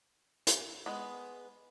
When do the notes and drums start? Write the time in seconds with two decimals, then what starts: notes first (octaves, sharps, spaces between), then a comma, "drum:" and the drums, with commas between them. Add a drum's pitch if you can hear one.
0.47 drum: hi-hat
0.86 G#3 B3